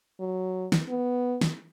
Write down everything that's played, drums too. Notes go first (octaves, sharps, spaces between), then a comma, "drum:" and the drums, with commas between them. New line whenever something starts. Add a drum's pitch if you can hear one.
F#3
drum: snare
B3
drum: snare